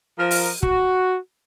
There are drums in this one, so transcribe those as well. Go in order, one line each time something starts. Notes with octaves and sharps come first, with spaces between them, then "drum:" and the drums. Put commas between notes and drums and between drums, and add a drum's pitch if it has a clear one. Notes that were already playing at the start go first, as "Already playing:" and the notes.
F3 A#4
drum: open hi-hat
F#4, drum: kick